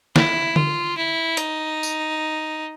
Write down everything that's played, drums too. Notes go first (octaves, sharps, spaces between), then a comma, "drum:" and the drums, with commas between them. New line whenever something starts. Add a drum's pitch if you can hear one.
E4, drum: snare
F4, drum: tom D3
E4
D#4, drum: hi-hat
drum: tambourine